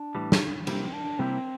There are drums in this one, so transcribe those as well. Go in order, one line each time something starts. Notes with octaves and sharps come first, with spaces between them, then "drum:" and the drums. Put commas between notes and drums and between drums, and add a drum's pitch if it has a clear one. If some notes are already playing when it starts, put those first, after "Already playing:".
Already playing: D4
A2 E3 G3
drum: snare
C3 G3 A#3 C4 E4 G4, drum: cymbal
D4
C3 G3 A#3 C4 E4 G4